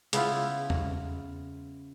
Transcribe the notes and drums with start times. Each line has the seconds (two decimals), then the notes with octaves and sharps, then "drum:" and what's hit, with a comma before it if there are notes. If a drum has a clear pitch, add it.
0.13 C#3 B3 E4 F4, drum: hi-hat
0.70 drum: tom E2